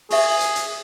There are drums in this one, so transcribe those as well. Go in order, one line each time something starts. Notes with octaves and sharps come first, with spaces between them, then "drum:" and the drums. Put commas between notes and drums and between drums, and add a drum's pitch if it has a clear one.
G4 G#4 E5, drum: open hi-hat
drum: hi-hat
drum: hi-hat